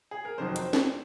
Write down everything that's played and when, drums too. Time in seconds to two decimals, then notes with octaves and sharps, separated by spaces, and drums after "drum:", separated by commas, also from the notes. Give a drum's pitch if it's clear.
0.11 G#4
0.25 A#4
0.38 F1 F2 D#3 F#3 C5
0.56 drum: hi-hat
0.73 drum: snare